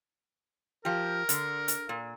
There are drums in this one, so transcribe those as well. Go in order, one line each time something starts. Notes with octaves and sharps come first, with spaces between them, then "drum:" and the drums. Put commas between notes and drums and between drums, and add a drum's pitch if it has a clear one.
F3 G4 A#4
D3, drum: hi-hat
drum: hi-hat
A#2